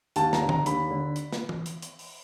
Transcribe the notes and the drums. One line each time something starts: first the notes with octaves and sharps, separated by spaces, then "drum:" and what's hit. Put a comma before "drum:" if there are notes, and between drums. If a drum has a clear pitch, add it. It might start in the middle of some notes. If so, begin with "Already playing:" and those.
D#2 A5, drum: hi-hat
A#5, drum: snare
D3
A#5, drum: tom D#3
D#2 B5, drum: hi-hat
D3
drum: hi-hat
drum: snare
drum: tom
drum: hi-hat
drum: hi-hat
drum: open hi-hat